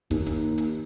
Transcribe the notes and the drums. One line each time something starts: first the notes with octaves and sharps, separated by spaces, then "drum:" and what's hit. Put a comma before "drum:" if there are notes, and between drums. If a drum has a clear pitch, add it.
D#2, drum: kick, hi-hat
drum: hi-hat
drum: hi-hat